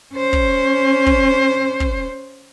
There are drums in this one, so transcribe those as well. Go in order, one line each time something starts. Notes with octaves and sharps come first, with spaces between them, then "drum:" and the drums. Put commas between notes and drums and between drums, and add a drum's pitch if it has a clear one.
C#4 C5
drum: kick
drum: kick
drum: kick